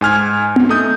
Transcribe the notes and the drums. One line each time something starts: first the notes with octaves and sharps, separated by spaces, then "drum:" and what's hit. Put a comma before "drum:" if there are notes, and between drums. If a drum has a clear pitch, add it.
G#2 G#5 F6 G#6
drum: tom B3
A3 D#4 D#6 G6